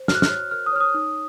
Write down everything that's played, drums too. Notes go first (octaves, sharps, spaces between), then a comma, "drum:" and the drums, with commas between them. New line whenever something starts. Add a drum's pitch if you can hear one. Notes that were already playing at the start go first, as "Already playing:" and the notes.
Already playing: C5
F#4 F6, drum: snare
F#6
F6, drum: snare
C#5
A#4 F6
D#6
C#5 F6
D#6
D#4